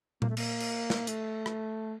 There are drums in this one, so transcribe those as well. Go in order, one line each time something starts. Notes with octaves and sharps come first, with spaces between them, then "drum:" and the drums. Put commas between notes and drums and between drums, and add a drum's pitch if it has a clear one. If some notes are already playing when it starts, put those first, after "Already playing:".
A#3, drum: tom A#2
A3
A#3, drum: cymbal
drum: cymbal
drum: snare
A3, drum: hi-hat
drum: rim click